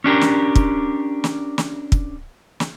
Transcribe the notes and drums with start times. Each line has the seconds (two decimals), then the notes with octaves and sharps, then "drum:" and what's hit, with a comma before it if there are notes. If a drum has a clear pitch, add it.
0.04 C#4 D4 G4 A#4
0.21 drum: snare
0.56 drum: kick
1.24 drum: snare
1.58 drum: snare
1.92 drum: kick
2.60 drum: snare